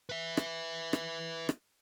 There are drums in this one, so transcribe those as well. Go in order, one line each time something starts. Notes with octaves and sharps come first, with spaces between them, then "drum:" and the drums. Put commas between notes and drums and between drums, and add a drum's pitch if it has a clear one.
B4 E5
drum: rim click
drum: rim click
drum: rim click